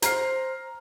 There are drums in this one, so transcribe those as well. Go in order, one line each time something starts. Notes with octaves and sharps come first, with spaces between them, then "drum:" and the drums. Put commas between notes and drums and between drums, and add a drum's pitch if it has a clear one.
C5 A#5 F6 C7, drum: hi-hat